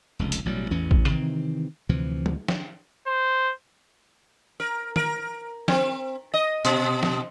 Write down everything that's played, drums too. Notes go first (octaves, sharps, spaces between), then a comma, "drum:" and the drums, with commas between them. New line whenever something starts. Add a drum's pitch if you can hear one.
F1 C#2
drum: hi-hat
A1 B2 F#3 G3
A1 E2 E3 C#4
drum: kick A1
C3 D#3 E3 C4
D2 C3 E3 F3
drum: tom
drum: snare
C5
A#4
A#4, drum: tom D#3
C4, drum: snare
D#5
B2, drum: hi-hat
drum: snare